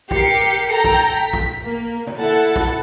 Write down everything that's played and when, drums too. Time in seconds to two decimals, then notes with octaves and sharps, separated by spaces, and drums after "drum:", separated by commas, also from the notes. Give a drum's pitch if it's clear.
0.11 G4 A#4 C7 C#7, drum: kick
0.70 A4 G5 A#5
0.84 drum: kick
1.17 B6
1.33 drum: kick
1.64 A#3
2.07 drum: tom C#3
2.18 E4 A4 F#5 A5
2.56 drum: kick